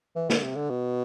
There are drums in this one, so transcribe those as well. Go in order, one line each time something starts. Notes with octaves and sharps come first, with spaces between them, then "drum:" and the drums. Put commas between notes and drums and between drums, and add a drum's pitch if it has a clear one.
E3
D3, drum: snare
C3
D3
B2